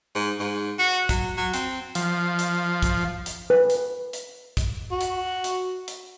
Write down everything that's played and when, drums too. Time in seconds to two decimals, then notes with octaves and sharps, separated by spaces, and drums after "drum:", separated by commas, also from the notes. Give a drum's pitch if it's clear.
0.15 G#2
0.40 G#2
0.79 F#4
1.09 F#3, drum: kick, hi-hat
1.37 F#3
1.54 C4, drum: hi-hat
1.95 F3, drum: hi-hat
2.39 drum: hi-hat
2.82 drum: kick, hi-hat
3.26 drum: hi-hat
3.50 B4
3.70 drum: hi-hat
4.13 drum: hi-hat
4.57 drum: kick, hi-hat
4.92 F#4
5.01 drum: hi-hat
5.44 drum: hi-hat
5.88 drum: hi-hat